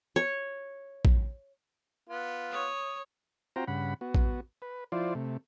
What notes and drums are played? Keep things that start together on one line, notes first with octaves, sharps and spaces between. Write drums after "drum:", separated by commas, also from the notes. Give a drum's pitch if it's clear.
C#5
drum: kick
B3 F4
C#5 D#6
C4 F4 F#4 C5 G5 A#5
G2 C#3 F#5 B5
B3 F#4
drum: kick
B4
F3 E4 F4 C5 D5
C3 A3